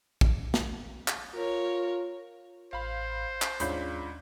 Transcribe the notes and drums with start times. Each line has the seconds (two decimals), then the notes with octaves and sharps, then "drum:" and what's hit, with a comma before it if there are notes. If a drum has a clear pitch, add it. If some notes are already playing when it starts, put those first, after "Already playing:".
0.21 drum: kick A#1
0.54 drum: snare
1.08 drum: clap
1.35 F4 A#4 C#5
2.73 A1 C5 F5 B5
3.42 drum: clap
3.60 D#2 G#2 C#4 D4 F4 B5 G6, drum: hi-hat